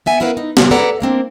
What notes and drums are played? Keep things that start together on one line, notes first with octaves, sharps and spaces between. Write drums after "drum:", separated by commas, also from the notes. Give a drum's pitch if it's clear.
B3 E5 G#5
B3 C#4 E4 A#4 B4 F5
D#4
C#3 G3 A#3, drum: snare
G#4 A4 B4 D5 F#5 A#5
G#3 A#3 C4 D4